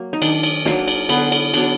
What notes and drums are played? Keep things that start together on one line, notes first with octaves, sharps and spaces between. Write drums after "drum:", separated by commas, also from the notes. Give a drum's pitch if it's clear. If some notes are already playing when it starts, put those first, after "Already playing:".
Already playing: F#3 A#3
D#4
D#3 D4, drum: cymbal
drum: cymbal
F#3 A#3 D4, drum: snare
drum: cymbal
D3 B3, drum: cymbal
drum: cymbal
F#3 B3 D4, drum: cymbal